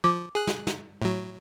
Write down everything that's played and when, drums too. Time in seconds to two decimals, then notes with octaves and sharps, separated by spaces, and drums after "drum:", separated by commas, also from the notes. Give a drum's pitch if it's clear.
0.04 F3 D6
0.35 G#4 F#6
0.47 drum: snare
0.67 drum: snare
1.02 A2 F#3